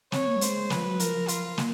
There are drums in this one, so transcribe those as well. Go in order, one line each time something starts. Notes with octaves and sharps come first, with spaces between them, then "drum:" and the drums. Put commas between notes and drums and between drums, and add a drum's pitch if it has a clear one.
C4 C#5, drum: snare
A#3
G3
G#3 C5, drum: hi-hat
F3 B4, drum: snare
F#3
F3 A#4, drum: hi-hat
F3
F4, drum: hi-hat
A#3, drum: snare